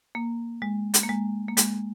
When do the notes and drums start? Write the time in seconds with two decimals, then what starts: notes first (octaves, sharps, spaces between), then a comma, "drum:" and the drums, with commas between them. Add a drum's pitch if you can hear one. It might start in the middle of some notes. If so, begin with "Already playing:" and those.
0.15 A#3
0.62 G#3
0.94 drum: hi-hat
1.03 A#3
1.09 G#3
1.48 A#3
1.57 G#3, drum: hi-hat